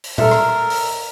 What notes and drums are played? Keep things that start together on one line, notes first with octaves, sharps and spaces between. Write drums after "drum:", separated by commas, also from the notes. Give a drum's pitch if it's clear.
drum: open hi-hat
A4 A#4 E5, drum: tom A#2
drum: rim click
drum: open hi-hat